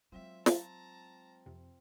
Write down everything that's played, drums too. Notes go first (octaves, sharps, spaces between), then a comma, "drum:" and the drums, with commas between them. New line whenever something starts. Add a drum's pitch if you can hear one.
F#3 G#3 C4 F4 E5
A5 A#5, drum: snare
F2 C3